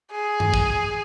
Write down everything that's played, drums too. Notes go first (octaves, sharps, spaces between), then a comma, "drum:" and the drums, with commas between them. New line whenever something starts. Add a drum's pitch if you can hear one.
G#4
drum: tom G2
drum: kick